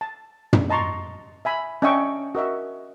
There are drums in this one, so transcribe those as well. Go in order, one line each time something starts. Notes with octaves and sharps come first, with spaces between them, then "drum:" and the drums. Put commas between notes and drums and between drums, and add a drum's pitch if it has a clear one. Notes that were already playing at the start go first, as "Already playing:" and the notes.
A5
drum: tom
D#5 A5 A#5 C6 C#6
E5 G#5 B5
C#4 D4 D#5 E5 G5 C#6
F#4 A#4 D#5 E5